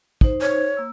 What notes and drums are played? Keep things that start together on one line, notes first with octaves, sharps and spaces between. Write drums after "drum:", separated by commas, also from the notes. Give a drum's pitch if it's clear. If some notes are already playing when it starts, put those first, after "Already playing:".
D#4 C5, drum: kick
C#5
A#3 E6